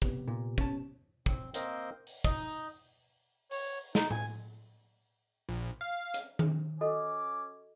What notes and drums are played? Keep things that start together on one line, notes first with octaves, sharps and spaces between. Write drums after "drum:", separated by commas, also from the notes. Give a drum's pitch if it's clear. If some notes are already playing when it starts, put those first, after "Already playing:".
C3 B3 G4, drum: kick
A#2
C#4 A5, drum: kick
C4, drum: kick
A#3 C4 A#4 C5 D#5, drum: hi-hat
drum: open hi-hat
D#4, drum: kick
C#5, drum: open hi-hat
D#4, drum: snare
G#5, drum: tom A2
A#1
F5
drum: hi-hat
drum: tom D#3
C#4 F#4 A4 D#5 G#5 D6